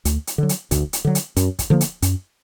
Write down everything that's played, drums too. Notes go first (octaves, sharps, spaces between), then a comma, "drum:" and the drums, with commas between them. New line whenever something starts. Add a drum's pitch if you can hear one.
D2, drum: hi-hat
drum: hi-hat
D3 F#3
drum: hi-hat
D2, drum: kick, hi-hat
drum: hi-hat
D3 F#3
drum: hi-hat
F#2, drum: hi-hat
drum: kick, hi-hat
D3 F3 A#3
drum: hi-hat
F#2, drum: hi-hat